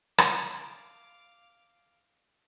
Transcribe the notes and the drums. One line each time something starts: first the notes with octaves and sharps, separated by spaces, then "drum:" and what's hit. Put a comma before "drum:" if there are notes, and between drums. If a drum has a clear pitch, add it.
F5 D6, drum: rim click